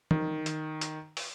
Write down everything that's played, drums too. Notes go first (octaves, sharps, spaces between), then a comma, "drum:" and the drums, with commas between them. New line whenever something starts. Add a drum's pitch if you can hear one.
D#3, drum: tom
drum: hi-hat
drum: hi-hat
drum: open hi-hat